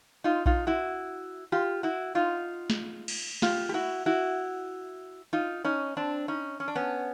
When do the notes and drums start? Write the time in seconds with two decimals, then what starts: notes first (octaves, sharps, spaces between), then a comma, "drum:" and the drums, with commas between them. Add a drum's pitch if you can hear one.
0.24 D#4 F4
0.46 D#4 F4, drum: kick A#1
0.67 E4 F#4
1.52 F4 G4
1.83 E4 F#4
2.15 D#4 F4
2.70 drum: snare
3.08 drum: cymbal
3.42 F4 G4, drum: snare
3.69 G4
3.74 E4 F#4
4.06 E4 F#4
5.33 D#4 F4
5.65 C#4 D#4
5.97 C4 D4
6.28 C#4 D#4
6.60 C#4
6.68 D4
6.75 B3 C#4